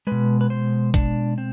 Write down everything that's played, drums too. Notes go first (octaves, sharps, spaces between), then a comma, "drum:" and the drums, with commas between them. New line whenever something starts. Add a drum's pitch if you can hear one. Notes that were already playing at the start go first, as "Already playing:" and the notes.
B2 G#3 B4
B4
C5
D4, drum: kick, hi-hat
C4